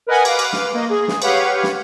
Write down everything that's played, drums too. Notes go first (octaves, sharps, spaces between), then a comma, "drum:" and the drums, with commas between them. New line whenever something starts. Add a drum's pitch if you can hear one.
A#4 B4 D#5 F#5 G#5
B4 F5 D6, drum: cymbal
drum: cymbal
drum: snare
A#3 D#5
G#4
drum: snare
G4 B4 C#5 F5 F#5, drum: cymbal
drum: snare